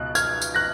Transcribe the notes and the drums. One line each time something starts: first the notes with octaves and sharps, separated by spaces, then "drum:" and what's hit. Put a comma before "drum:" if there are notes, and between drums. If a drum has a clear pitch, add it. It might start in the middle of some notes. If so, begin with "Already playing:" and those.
Already playing: C#2 B2 F#6
F6 G#6, drum: tambourine
drum: tambourine
F#6 A#6